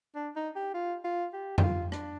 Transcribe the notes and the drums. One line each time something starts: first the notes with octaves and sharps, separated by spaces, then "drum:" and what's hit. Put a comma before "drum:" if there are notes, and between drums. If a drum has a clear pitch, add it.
D4
D#4
G4
F4
F4
G4
G4, drum: tom F2
F4
D4, drum: rim click